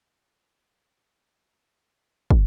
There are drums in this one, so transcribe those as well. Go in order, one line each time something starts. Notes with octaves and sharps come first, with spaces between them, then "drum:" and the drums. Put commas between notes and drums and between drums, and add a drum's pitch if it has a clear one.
F#4 B5
F4
A5
G#5
drum: kick